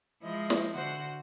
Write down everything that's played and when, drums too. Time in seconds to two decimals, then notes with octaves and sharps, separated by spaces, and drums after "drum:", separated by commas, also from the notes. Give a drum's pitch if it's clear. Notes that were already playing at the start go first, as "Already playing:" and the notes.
0.23 F3 G#3 E4 D#5
0.50 drum: snare
0.76 D3 F#4 C5 F#5